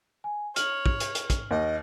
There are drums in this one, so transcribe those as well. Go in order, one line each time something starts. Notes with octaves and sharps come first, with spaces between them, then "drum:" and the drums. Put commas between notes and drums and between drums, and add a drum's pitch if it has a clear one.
G#5
C#5 F6 F#7, drum: hi-hat
drum: kick
drum: hi-hat
drum: hi-hat
drum: kick, hi-hat
D#2 D#5